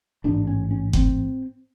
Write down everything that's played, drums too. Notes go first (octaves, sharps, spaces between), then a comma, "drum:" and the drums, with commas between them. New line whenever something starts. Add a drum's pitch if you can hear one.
A1 G#2 D4
C#4
C#4
C4, drum: kick G1